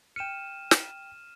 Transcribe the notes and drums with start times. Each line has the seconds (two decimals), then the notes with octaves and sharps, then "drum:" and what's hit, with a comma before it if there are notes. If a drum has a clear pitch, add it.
0.16 G5 F6 C#7 D#7 E7
0.71 drum: snare